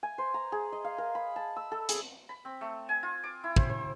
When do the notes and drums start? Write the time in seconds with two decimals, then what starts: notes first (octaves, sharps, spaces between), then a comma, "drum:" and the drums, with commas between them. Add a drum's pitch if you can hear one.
0.03 G#5
0.18 C5
0.34 A#5
0.52 G#4
0.72 D#5
0.84 F5
0.98 A#4
1.15 B5
1.36 A5
1.56 E6
1.72 A4
1.89 G#4, drum: hi-hat
2.29 B5
2.45 C4
2.61 A3
2.89 G#5
3.03 F4
3.24 D6
3.44 E4
3.56 C5, drum: kick
3.69 C5